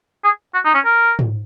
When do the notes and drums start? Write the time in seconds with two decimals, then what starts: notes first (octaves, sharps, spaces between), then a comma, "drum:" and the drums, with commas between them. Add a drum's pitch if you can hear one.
0.24 G#4
0.54 F#4
0.65 D#4
0.74 C#4
0.85 A#4
1.19 drum: tom G#2